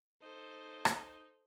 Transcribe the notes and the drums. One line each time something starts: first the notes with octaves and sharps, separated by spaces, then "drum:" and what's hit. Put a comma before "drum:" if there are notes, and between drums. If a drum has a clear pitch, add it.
D#4 A4 C5
drum: rim click